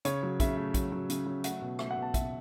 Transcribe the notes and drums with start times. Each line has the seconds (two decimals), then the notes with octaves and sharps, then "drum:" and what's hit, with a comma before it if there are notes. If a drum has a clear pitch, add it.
0.05 C#3 C#5, drum: hi-hat
0.23 F#3
0.40 C#3 E5, drum: kick, hi-hat
0.57 A3
0.74 F#3, drum: kick, hi-hat
0.92 F#3
1.10 C#3, drum: hi-hat
1.26 F#3
1.44 A3 F#5, drum: hi-hat
1.62 B2
1.79 A3 E5, drum: rim click
1.91 F#5
1.97 B2
2.02 A5
2.14 B2 E5, drum: kick, hi-hat